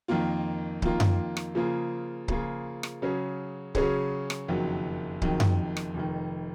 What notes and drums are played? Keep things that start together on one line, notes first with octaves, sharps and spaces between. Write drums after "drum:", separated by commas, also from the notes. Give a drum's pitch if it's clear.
F2 D#3 A#3 F4
F2 D#3 A#3 F4, drum: kick C#1
drum: tom F#2
drum: rim click
C#3 F3 A#3 F4 G#4
C#3 F3 A#3 F4 G#4, drum: kick C#1
drum: rim click
C#3 F#3 C#4 G#4
C#3 F#3 C#4 G#4, drum: kick C#1
drum: rim click
F#1 F2 D#3 F#3
F#1 F2 D#3 F#3, drum: kick C#1
drum: tom F#2
drum: rim click
F1 F2 D#3